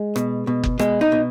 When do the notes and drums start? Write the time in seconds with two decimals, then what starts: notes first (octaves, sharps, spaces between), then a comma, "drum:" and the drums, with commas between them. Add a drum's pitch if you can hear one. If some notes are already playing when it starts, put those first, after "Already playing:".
Already playing: G#3
0.16 B2, drum: rim click
0.47 B2
0.63 drum: kick F#1
0.79 B2 G#3, drum: rim click
1.01 D#4
1.12 B2